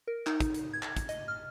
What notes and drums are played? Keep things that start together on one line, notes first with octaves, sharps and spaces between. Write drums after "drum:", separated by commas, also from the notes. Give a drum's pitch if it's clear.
A#4
D#4, drum: clap
drum: kick, hi-hat
drum: hi-hat
G#6
drum: clap
drum: kick, hi-hat
D#5, drum: hi-hat
F6